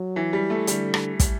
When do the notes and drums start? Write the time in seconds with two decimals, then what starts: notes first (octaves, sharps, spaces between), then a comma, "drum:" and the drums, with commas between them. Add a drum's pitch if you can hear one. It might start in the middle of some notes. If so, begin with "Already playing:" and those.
Already playing: F#3
0.16 E3
0.33 G3
0.50 A3
0.67 D3 G3, drum: hi-hat
0.94 drum: rim click
1.20 drum: kick, hi-hat